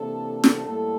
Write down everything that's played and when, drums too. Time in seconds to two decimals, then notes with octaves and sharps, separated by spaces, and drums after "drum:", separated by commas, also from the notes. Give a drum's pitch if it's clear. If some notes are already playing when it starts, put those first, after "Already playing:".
Already playing: C3 E3 A#3 D4 A4
0.44 drum: snare
0.64 A2 G3 A#3 A4